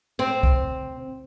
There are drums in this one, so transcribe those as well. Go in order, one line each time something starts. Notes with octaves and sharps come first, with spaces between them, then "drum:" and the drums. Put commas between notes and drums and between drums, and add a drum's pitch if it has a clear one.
C4
drum: kick C2